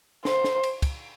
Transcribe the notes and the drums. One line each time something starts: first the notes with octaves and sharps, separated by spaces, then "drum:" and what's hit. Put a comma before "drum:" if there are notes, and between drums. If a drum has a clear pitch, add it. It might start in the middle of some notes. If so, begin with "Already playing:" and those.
C5, drum: snare
drum: snare
drum: cymbal
drum: kick, cymbal